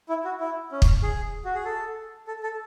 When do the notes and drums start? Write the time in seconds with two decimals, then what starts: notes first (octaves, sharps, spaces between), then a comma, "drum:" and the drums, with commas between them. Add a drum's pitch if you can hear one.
0.09 E4
0.25 F#4
0.40 E4
0.72 C#4
0.82 drum: kick
1.03 G#4
1.45 F#4
1.55 G#4
1.65 A4
2.27 A4
2.43 A4